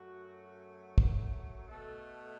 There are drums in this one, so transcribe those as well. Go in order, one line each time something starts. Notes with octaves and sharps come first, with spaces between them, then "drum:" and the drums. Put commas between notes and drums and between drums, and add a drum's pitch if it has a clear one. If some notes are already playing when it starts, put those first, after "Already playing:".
Already playing: F#2 F#3 A3 F#4
drum: kick
B2 A3 A4